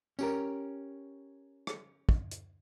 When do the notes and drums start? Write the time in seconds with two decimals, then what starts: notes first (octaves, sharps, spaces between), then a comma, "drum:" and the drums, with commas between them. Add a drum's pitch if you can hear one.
0.19 C#4 G4 A#4, drum: tambourine
1.67 drum: rim click
2.09 drum: kick
2.31 drum: hi-hat